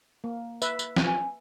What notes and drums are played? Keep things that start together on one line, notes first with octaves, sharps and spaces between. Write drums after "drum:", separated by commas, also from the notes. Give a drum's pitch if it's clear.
A#3
B4 E5, drum: tambourine
drum: tambourine
drum: snare
G#5